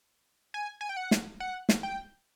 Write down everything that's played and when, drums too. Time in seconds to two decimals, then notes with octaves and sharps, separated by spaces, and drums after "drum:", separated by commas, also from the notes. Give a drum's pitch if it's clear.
0.54 G#5
0.81 G#5
0.89 G5
0.97 F#5
1.11 drum: snare
1.40 F#5
1.69 drum: snare
1.83 G5